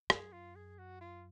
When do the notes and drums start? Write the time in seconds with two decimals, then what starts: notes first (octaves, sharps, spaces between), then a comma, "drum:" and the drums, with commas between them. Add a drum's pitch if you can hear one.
0.10 F#2 G#4, drum: rim click
0.32 F4
0.55 G#4
0.79 F#4
1.01 F4